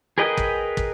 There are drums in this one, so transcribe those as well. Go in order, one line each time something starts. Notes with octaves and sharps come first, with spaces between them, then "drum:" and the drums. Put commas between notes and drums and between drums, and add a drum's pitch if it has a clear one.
G#4 A#4 B4 D#5 G5
drum: kick
drum: kick